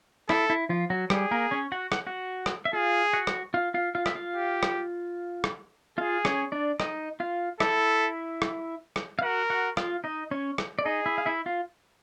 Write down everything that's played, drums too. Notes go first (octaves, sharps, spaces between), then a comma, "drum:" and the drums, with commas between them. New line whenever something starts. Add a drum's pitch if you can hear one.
E4 A4, drum: rim click
E4
F3 F4
F#3 F#4
G3 G4 G#4, drum: rim click
A#3 A#4
C#4 C#5
F#4 F#5
F#5, drum: rim click
F#4 F#5
drum: rim click
E5
F4 G#4 F5
F#4 F#5
drum: rim click
F4 F5
F4 F5
F4 F5
E5, drum: rim click
F4 F5
G4
drum: rim click
drum: rim click
F4 G#4 F5
C#4 C#5, drum: rim click
D4 D5
D#4 D#5, drum: rim click
F4 F5
E4 A4 E5, drum: rim click
drum: rim click
drum: rim click
F5
F#4 A#4 F#5
F#4 F#5
F4 F5, drum: rim click
D#4 D#5
C#4 C#5
drum: rim click
D5
D#4 G#4 D#5
E4 E5
F5
E4 E5
F4 F5